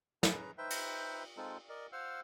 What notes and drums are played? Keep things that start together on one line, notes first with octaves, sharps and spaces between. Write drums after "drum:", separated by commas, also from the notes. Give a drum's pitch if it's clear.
C#4 G#4 B4 A#5, drum: snare
D#4 B4 C5 E5 G5
drum: cymbal
G#3 C4 D#4 F4 A4
A#4 D5 D#5
C5 F5 F#5 E6 F6